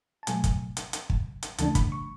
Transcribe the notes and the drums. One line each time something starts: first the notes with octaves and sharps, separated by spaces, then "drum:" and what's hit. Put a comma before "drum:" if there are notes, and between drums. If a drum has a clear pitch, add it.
A5
B2 F#3 A3 G#5, drum: hi-hat
drum: kick, hi-hat
drum: hi-hat
drum: hi-hat
drum: kick
drum: hi-hat
D2 C#3 E3 A3 D4 A5, drum: hi-hat
B5, drum: kick, hi-hat
C#6